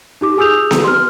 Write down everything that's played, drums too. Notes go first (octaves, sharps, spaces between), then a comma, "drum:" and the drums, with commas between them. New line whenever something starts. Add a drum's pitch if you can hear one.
D#4 G4 D6
G#4 G#5 D#6 E6 G6 F7
drum: snare B3
C6 F6